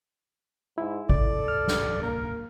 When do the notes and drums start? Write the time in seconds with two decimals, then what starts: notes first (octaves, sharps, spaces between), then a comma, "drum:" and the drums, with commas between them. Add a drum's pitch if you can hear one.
0.78 G#2 E4
1.09 D1 G1 C2 A4 D5, drum: kick G#1
1.48 F6
1.68 drum: snare
2.03 A#3 A#4